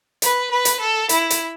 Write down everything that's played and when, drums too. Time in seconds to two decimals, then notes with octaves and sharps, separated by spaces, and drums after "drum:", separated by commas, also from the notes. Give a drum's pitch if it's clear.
0.22 B4, drum: hi-hat
0.51 B4
0.65 drum: hi-hat
0.80 A4
1.09 E4, drum: hi-hat
1.30 drum: hi-hat